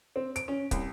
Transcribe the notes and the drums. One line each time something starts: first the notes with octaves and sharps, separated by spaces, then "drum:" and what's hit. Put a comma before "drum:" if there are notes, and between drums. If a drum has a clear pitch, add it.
C4
D7, drum: hi-hat
C#4
C2, drum: kick, hi-hat